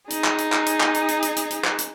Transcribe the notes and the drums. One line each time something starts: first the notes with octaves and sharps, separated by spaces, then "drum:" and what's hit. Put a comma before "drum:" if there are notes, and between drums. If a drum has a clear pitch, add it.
D#4 G#4, drum: hi-hat
drum: clap
drum: hi-hat
drum: clap
drum: hi-hat
drum: clap
drum: hi-hat
drum: hi-hat
drum: hi-hat
drum: hi-hat
drum: hi-hat
drum: clap
drum: hi-hat